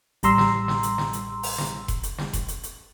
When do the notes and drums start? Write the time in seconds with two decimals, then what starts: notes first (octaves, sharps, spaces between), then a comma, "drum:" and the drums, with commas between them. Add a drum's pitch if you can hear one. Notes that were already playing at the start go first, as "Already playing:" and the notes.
0.23 A1 G3 A#5 C6 E6, drum: hi-hat
0.38 drum: snare
0.68 drum: snare
0.83 drum: hi-hat
0.98 drum: snare
1.13 drum: hi-hat
1.43 drum: open hi-hat
1.58 drum: snare
1.88 drum: kick F1, hi-hat
2.03 drum: hi-hat
2.18 drum: snare
2.33 drum: kick F1, hi-hat
2.48 drum: hi-hat
2.63 drum: hi-hat